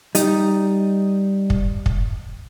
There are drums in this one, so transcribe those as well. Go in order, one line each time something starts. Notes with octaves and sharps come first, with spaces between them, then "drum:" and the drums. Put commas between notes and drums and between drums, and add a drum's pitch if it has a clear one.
G3 D#4, drum: hi-hat
drum: kick
drum: kick